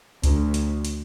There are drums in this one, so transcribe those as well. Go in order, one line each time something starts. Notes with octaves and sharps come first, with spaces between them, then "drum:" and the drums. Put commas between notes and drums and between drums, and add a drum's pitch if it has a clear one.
D2, drum: kick C#2, hi-hat
drum: hi-hat
drum: hi-hat